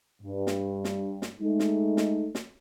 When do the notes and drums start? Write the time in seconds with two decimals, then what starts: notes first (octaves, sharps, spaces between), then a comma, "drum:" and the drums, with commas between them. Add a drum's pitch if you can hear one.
0.22 G2
0.47 drum: snare
0.84 drum: snare
1.22 drum: snare
1.41 G#3 A3 D#4
1.60 drum: snare
1.97 drum: snare
2.35 drum: snare